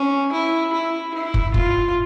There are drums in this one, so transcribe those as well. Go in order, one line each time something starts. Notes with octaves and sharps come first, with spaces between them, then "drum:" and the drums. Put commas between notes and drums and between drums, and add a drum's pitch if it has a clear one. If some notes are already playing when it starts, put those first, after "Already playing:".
Already playing: C#4
E4
E4
E4
drum: kick
F4, drum: kick